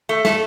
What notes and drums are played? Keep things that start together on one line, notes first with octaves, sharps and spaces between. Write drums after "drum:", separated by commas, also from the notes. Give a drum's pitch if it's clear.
A3
A3, drum: snare